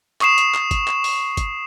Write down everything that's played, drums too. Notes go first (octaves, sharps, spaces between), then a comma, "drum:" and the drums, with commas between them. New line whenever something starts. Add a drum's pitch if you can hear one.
C#6 D#6 C7 E7, drum: clap
drum: hi-hat
drum: clap
drum: kick, hi-hat
drum: clap
drum: open hi-hat
drum: kick, hi-hat